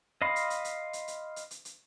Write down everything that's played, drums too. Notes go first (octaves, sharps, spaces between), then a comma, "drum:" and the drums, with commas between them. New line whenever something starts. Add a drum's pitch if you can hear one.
D#5 F5 B5 C6
drum: hi-hat
drum: hi-hat
drum: hi-hat
drum: hi-hat
drum: hi-hat
drum: hi-hat
drum: hi-hat
drum: hi-hat